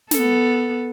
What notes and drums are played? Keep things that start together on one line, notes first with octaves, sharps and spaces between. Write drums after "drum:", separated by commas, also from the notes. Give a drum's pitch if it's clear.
B3 A4, drum: snare